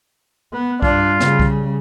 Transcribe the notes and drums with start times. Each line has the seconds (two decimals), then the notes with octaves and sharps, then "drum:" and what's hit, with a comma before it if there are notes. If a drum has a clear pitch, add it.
0.53 B3
0.82 G2 D4 F4, drum: kick B1
1.20 C#3 G3, drum: snare
1.40 drum: kick B1